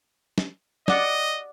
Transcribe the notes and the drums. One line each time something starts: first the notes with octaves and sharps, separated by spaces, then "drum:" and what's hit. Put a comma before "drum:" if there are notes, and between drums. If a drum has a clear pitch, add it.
drum: snare
D5 D#5 F#5, drum: snare